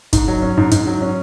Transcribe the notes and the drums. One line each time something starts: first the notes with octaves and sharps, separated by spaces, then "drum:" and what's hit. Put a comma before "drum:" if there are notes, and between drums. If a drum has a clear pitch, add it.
G#2, drum: kick, hi-hat
F#3
C#4
G#2
G#2, drum: hi-hat
F#3
C#4